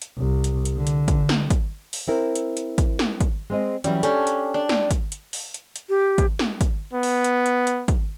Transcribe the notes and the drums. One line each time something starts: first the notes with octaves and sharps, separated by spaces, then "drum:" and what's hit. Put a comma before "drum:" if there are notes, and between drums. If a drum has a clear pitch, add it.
drum: hi-hat
C2
drum: hi-hat
drum: hi-hat
D3
drum: hi-hat
drum: kick, hi-hat
drum: snare
drum: kick, hi-hat
drum: open hi-hat
C4 E4 A#4
drum: hi-hat
drum: hi-hat
drum: kick, hi-hat
drum: snare
drum: kick, hi-hat
G#3 C4 D#5
E3 F#3 G3 C#4, drum: hi-hat
C#4 D4 G4 A4, drum: hi-hat
drum: hi-hat
D4
drum: snare
drum: kick, hi-hat
drum: hi-hat
drum: open hi-hat
drum: hi-hat
drum: hi-hat
G4
drum: kick, hi-hat
drum: snare
drum: kick, hi-hat
B3
drum: open hi-hat
drum: hi-hat
drum: hi-hat
drum: hi-hat
drum: kick, hi-hat